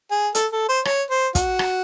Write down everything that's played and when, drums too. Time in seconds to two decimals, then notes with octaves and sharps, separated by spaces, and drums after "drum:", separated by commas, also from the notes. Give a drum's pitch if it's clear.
0.11 G#4
0.35 A4, drum: hi-hat
0.52 A4
0.69 C5
0.85 C#5, drum: rim click
1.10 C5
1.35 F#4, drum: kick, hi-hat
1.59 drum: rim click